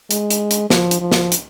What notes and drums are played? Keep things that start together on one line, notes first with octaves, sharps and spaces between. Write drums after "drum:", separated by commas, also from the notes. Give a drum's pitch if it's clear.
G#3, drum: hi-hat
drum: hi-hat
drum: hi-hat
F3, drum: snare
drum: hi-hat
F3
drum: snare
drum: hi-hat